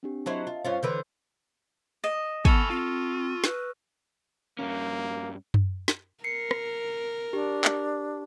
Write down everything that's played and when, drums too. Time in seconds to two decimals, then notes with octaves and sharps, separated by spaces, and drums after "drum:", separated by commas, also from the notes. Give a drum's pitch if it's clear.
0.03 C4 D4 G4
0.26 F#3 E4 C5 D#5 E5 A5
0.47 F4
0.65 G2 C#4 F4 C5
0.83 D3 E3 B4 C6 E6 G6
2.04 D#5 A#6 E7
2.45 B3 A4 G#5 B5 C#6 E6 F6, drum: kick
2.70 C4 F4
3.44 B4, drum: snare
4.59 G2 A#2 A#3 C#4
5.54 drum: tom F#2
5.88 drum: snare
6.24 A#4 C7 C#7
6.51 drum: rim click
7.33 D4 G4
7.64 drum: clap